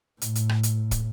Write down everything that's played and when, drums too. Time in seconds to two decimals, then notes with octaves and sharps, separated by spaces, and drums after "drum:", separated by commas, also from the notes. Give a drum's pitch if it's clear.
0.21 A2, drum: hi-hat
0.35 drum: hi-hat
0.49 drum: rim click
0.63 drum: hi-hat
0.91 drum: kick, hi-hat